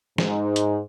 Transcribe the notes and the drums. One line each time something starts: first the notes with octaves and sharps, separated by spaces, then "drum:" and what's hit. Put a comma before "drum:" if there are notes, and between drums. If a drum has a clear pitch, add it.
G#2, drum: snare
drum: hi-hat